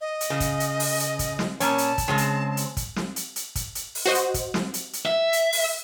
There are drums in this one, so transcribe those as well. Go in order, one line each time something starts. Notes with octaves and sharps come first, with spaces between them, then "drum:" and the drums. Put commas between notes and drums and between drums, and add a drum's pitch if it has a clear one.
D#5
drum: hi-hat
C#3
drum: kick, hi-hat
drum: hi-hat
drum: open hi-hat
drum: hi-hat
drum: kick, hi-hat
drum: snare
A#2 C#4 A5, drum: hi-hat
drum: hi-hat
drum: kick, hi-hat
C#3 G#3 C4
drum: hi-hat
drum: hi-hat
drum: kick, hi-hat
drum: snare
drum: hi-hat
drum: hi-hat
drum: kick, hi-hat
drum: hi-hat
drum: open hi-hat
F#4 C5 D#5
drum: hi-hat
drum: kick, hi-hat
drum: snare
drum: hi-hat
drum: hi-hat
E5
drum: hi-hat
drum: open hi-hat